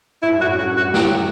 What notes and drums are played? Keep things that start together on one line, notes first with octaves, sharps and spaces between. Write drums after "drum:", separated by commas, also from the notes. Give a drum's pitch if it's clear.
A2 E4
G2
F#2 A2 F#4
F#4
F#4
G4, drum: snare